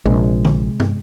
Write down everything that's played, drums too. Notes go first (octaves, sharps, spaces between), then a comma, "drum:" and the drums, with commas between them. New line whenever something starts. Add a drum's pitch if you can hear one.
A#1 C3 G#3
drum: tom
drum: tom